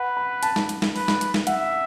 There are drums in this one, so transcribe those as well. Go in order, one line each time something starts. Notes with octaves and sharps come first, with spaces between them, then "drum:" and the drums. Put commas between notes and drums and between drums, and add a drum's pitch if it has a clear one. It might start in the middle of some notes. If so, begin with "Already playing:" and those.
Already playing: B4 F#5
B5
A5, drum: hi-hat
drum: snare
drum: hi-hat
drum: snare
B4, drum: open hi-hat
drum: snare
drum: hi-hat
drum: snare
E5 F#5, drum: hi-hat